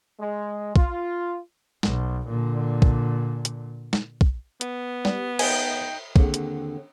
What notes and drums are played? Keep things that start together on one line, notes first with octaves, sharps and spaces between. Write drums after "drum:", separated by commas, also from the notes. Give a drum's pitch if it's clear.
G#3
F4, drum: kick
B1, drum: snare
A#2 D3
drum: kick
drum: hi-hat
drum: snare
drum: kick
B3, drum: hi-hat
G3, drum: snare
D#4 G5 G#5, drum: cymbal
D#2 D3 C4 G#4 F#5, drum: kick
drum: hi-hat